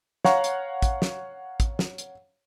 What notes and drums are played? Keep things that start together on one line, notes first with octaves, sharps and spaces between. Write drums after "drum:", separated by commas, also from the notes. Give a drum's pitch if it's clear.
C#5 F5 F#5 A#5 C#6, drum: snare
drum: hi-hat
drum: kick, hi-hat
drum: snare
drum: kick, hi-hat
drum: snare
drum: hi-hat